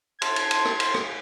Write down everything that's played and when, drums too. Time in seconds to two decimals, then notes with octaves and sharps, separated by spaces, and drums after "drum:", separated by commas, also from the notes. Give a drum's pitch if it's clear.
0.22 A5 C6 G#6, drum: cymbal
0.36 drum: cymbal
0.51 drum: cymbal
0.65 drum: rim click
0.80 drum: cymbal
0.94 drum: rim click